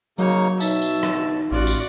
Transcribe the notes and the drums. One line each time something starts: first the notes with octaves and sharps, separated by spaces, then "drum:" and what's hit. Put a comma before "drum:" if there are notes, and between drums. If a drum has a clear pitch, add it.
C#3 F#3 A#3 D#4 F#4 C#5
B2 D#4 E5 A5, drum: tambourine
drum: tambourine
drum: rim click
A1 F4 F#4 D5
drum: tambourine